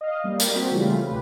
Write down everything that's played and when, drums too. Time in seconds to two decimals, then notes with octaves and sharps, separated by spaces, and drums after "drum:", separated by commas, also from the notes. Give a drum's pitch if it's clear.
0.01 D#5 F5
0.24 G3 A#3
0.39 drum: hi-hat
0.56 C4 F#4 G5 B6
0.71 C#3 E3 G3 A3 F4
1.07 B1 G4 B4